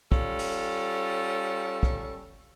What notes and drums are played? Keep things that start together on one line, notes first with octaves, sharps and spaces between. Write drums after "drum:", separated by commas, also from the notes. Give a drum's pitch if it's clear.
G3 C#4 F4 A4, drum: kick
drum: open hi-hat
drum: kick